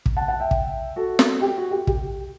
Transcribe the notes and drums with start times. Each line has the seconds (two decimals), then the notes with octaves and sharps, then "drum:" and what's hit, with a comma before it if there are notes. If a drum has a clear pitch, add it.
0.06 drum: kick
0.17 F#5 A5
0.28 F#5 A5
0.40 E5 G5
0.51 drum: kick
0.96 F#4 A4
1.19 drum: snare
1.42 G4
1.57 F#4
1.71 G4
1.87 G4, drum: kick